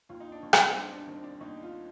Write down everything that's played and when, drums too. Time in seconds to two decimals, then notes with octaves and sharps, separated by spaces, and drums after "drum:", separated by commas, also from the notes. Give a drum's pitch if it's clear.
0.09 D#2 F4
0.20 D#4
0.32 D4
0.43 D#2
0.53 C4, drum: rim click
0.71 C4
0.75 G3 D4
0.91 D4
1.08 D#3 C4
1.24 D4
1.41 D#2 D#4
1.63 F4